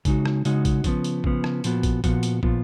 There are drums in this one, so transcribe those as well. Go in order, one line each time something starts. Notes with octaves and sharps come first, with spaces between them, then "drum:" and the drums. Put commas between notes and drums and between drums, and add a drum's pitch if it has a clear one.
C#3 G#3 D#4 F#4, drum: kick, hi-hat
drum: rim click
C#3 G#3 D#4 F#4, drum: hi-hat
drum: kick, hi-hat
C#3 F3 B3, drum: kick, hi-hat
drum: hi-hat
C#3 F3 B3, drum: kick
drum: rim click
A#2 F3 B3 F#4, drum: hi-hat
drum: kick, hi-hat
A#2 F3 B3 F#4, drum: kick, hi-hat
drum: hi-hat
A#2 F3 B3 F4, drum: kick